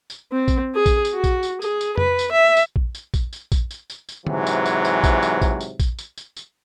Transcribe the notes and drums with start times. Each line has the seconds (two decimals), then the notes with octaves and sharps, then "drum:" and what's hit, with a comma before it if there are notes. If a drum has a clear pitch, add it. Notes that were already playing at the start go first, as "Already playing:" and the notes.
0.10 drum: tambourine
0.32 C4
0.48 drum: kick A#1, tambourine
0.75 G#4
0.86 drum: kick A#1, tambourine
1.05 drum: tambourine
1.15 F#4
1.24 drum: kick A#1, tambourine
1.43 drum: tambourine
1.62 G#4, drum: tambourine
1.81 drum: tambourine
1.98 B4, drum: tom F2
2.19 drum: tambourine
2.32 E5
2.57 drum: tambourine
2.76 drum: kick A#1
2.95 drum: tambourine
3.14 drum: kick A#1, tambourine
3.33 drum: tambourine
3.52 drum: kick A#1, tambourine
3.71 drum: tambourine
3.90 drum: tambourine
4.09 drum: tambourine
4.27 G#2 C3 E3 F#3, drum: tom D3
4.47 drum: tambourine
4.66 drum: tambourine
4.85 drum: tambourine
5.04 drum: kick A#1, tambourine
5.23 drum: tambourine
5.42 drum: kick A#1, tambourine
5.61 drum: tambourine
5.80 drum: kick A#1, tambourine
5.99 drum: tambourine
6.18 drum: tambourine
6.37 drum: tambourine